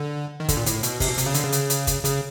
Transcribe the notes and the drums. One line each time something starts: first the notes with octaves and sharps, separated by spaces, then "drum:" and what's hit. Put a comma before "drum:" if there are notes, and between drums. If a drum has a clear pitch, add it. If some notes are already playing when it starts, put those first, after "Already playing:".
Already playing: D3
D#3
D3, drum: kick, hi-hat
A#2
A2, drum: hi-hat
B2, drum: hi-hat
C3, drum: kick, open hi-hat
B2
C3, drum: hi-hat
C#3
D3, drum: hi-hat
C#3
drum: hi-hat
drum: hi-hat
drum: kick, hi-hat
C#3, drum: hi-hat